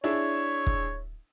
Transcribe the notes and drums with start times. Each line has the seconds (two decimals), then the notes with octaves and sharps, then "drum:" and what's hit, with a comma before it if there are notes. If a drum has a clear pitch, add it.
0.04 D4 E4 G#4 C#5
0.67 drum: kick